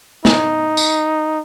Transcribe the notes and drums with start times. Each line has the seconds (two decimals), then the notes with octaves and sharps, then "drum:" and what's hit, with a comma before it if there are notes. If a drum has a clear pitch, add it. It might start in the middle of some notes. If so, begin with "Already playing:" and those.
0.25 D#4, drum: snare
0.77 drum: tambourine